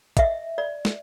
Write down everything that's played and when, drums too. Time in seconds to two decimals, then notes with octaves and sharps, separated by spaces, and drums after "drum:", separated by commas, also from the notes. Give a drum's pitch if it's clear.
0.17 D#5 E5, drum: kick, hi-hat
0.58 D5
0.85 drum: snare